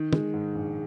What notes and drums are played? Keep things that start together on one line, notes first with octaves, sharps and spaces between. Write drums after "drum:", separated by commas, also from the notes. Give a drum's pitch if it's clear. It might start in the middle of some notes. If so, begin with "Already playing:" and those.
Already playing: D#3
G#3, drum: tom
G#2
A#1